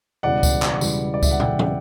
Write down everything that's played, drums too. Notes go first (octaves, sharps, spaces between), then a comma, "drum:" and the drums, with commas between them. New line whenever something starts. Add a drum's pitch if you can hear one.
E1 E2 C#3 G3 D5 F#5
drum: kick C#2, tambourine
drum: clap
E1 E2 C#3 G3, drum: tambourine
D5
E5, drum: kick C#2, tambourine
F#5
E1 E2 C#3 G3 E5 G5, drum: tom
drum: tom